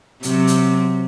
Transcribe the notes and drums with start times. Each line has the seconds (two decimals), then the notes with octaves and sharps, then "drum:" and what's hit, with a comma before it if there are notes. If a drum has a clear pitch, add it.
0.23 C3 F#3 C4, drum: hi-hat
0.47 drum: hi-hat